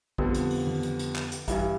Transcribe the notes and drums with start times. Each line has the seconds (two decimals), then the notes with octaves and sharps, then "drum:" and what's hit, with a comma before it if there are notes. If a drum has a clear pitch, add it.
0.18 F2 D3 G3 B3, drum: kick
0.34 drum: hi-hat
0.51 drum: open hi-hat
0.67 drum: tom D#3
0.83 drum: hi-hat
0.99 drum: hi-hat
1.16 drum: clap
1.32 drum: hi-hat
1.48 G2 E3 G3, drum: kick, hi-hat